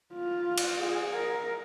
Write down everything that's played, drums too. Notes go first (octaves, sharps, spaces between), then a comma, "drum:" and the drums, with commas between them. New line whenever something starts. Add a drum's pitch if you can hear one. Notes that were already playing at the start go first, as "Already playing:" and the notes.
F4
drum: cymbal
G#4
A#4